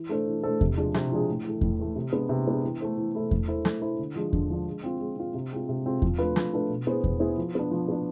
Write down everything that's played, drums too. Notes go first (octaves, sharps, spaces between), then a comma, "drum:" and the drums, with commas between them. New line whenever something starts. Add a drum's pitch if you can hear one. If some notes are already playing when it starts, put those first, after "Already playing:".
Already playing: E3
A3 D4 A4 C5
E3
A3 D4 A4 C5
C3, drum: kick E2
F3 G#3 D4 G#4
C3, drum: snare
F3 G#3 D4 G#4
A2
E3 A3
A2, drum: kick E2
E3 A3
C3
G#3 B3 D4
C3
G#3 B3 D4
E3
A3 E4 A4 C5
E3
A3 E4 A4 C5
A3, drum: kick E2
E4 A4 C5
A3, drum: snare
E4 A4 C5
D3
F3 G#3 D4
D3, drum: kick E2
F3 G#3 D4
G#3
C4 F4
G#3
C4 F4
C3
G#3 C4 F4
C3
G#3 C4 F4
F3, drum: kick E2
A3 D4 F4 B4
F3, drum: snare
A3 D4 F4 B4
B2
B3 E4 G#4 C5
B2, drum: kick E2
B3 E4 G#4 C5
F3
B3 D4
F3
B3 D4